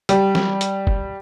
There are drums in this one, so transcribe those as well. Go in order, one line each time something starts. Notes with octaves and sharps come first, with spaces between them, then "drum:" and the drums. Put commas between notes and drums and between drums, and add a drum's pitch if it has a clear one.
G3, drum: hi-hat
drum: snare
drum: hi-hat
drum: kick